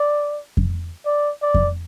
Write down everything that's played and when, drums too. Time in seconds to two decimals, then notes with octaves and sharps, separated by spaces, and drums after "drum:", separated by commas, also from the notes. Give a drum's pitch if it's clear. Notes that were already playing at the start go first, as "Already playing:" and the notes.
Already playing: D5
0.57 drum: kick F2
1.06 D5
1.42 D5
1.54 drum: kick F2